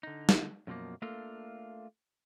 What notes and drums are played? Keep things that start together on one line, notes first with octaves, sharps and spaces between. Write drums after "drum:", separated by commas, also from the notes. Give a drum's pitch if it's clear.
D3 D#4
drum: snare
F#2 B2 F3 G3 A#3
A3 A#3 D4 F4 A4 A#4